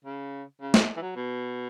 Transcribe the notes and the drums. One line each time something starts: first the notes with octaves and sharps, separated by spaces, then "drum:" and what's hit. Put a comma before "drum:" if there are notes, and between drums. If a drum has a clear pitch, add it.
C#3
C#3
B2, drum: snare
E3
F#3
B2